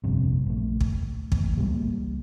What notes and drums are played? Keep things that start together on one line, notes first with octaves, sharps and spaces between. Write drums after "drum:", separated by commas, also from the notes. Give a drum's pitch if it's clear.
F1 A#1 G2 C3
A#1 A3
drum: kick
A1, drum: kick
C#2 G3 G#3 A#3